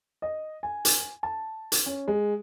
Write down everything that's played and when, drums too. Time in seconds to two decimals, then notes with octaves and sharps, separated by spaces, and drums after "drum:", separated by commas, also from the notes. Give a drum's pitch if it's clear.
0.22 D#5
0.63 G#5
0.85 drum: hi-hat
1.23 A5
1.72 drum: hi-hat
1.86 C#4
2.08 G#3